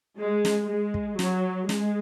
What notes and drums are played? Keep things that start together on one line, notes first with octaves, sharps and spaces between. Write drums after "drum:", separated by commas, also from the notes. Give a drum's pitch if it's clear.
G#3
drum: snare
G#3
drum: kick
F#3, drum: snare
G#3, drum: snare